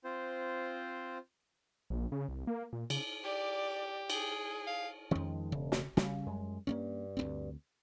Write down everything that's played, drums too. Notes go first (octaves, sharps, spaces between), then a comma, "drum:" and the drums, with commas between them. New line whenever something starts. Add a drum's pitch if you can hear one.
C4 F4 C5
A#1
C#3
C2
A#3
A#2
C#3, drum: cymbal
G4 D5
G#4, drum: cymbal
F5
F2 D#3 F3 G#3 C#4
E1 C#3
drum: snare
C#3 G3, drum: snare
F#2 G#3
G2 A#3 B3 C#4
D2 B3 C4